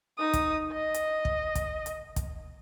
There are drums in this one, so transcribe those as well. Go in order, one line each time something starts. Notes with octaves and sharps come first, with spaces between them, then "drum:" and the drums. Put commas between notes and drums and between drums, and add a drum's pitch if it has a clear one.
D#4 D#6
drum: kick, hi-hat
D#5
drum: hi-hat
drum: kick
drum: kick, hi-hat
drum: hi-hat
drum: kick, hi-hat